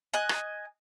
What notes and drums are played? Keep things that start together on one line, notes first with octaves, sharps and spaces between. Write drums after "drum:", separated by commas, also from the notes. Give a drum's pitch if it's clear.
D#5 G#5 F#6
drum: rim click